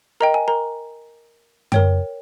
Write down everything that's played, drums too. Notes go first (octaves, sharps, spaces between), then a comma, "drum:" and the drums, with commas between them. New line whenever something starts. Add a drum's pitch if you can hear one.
A#4 D#5 G5 A#5
G#5
A#4 A#5
A#4 C#5 G5, drum: tom F#2